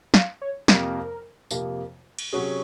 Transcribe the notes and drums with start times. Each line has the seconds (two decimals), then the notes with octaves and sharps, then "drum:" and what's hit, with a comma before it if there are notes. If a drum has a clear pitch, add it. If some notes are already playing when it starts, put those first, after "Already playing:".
0.14 F5, drum: snare
0.42 C#5
0.68 F2 C3 F3 A#3 A#4, drum: snare
1.51 F2 C3 F3 A#3, drum: tambourine
2.19 drum: cymbal
2.33 C3 F#3 C#4 F#4 G#4